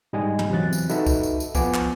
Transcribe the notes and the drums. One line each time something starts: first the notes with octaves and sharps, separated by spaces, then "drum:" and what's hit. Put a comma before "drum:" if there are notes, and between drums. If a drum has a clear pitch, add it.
G#2 G3 D#5 G#5
drum: tom
E2 C3 E3 F#3 F#6 A6
drum: tambourine
D#4 F#4 A4 B4 E5, drum: tambourine
drum: kick, tambourine
drum: tambourine
drum: tambourine
F3 B3 G#5 D6, drum: kick, tambourine
drum: clap